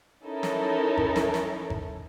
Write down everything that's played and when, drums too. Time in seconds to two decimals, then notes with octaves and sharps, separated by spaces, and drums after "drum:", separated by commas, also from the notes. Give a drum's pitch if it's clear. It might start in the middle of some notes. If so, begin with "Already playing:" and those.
0.25 C#4 D#4 E4 A4 A#4
0.43 drum: snare
0.97 drum: kick G#1
1.16 drum: snare
1.34 drum: snare
1.70 drum: kick G#1